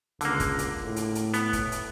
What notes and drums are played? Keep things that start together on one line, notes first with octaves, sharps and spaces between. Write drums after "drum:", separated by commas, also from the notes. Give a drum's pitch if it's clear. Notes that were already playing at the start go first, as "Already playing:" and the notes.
C#2 D3 A#3, drum: hi-hat
drum: kick, hi-hat
drum: hi-hat
A2
drum: hi-hat
drum: hi-hat
B3, drum: hi-hat
drum: kick, hi-hat
drum: hi-hat